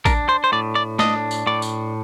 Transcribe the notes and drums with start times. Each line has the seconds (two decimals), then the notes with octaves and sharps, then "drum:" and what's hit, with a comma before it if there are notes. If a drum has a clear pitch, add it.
0.05 D4 A#4, drum: kick A1, tambourine
0.29 C5
0.44 C5
0.52 A2 D5
0.75 D5
0.99 D4 D#5, drum: snare A3
1.31 drum: tambourine
1.47 A2 D5
1.62 drum: tambourine